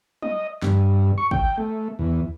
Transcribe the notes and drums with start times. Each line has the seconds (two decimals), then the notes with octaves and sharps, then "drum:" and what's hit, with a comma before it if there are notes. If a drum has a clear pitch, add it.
0.22 D#5, drum: tom
0.62 G2, drum: snare
1.18 C#6
1.31 G5, drum: kick
1.58 A3
1.99 E2